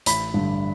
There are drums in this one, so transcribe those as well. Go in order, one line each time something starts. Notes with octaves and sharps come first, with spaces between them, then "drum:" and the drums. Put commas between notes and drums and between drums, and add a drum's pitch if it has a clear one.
A1 B5, drum: hi-hat
G2 D3